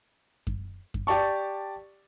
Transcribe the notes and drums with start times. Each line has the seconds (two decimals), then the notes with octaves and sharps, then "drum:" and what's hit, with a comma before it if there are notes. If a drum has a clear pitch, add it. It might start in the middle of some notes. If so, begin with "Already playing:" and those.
0.47 drum: kick F#2
0.94 drum: kick F#2
1.07 G4 D5 A5 C#6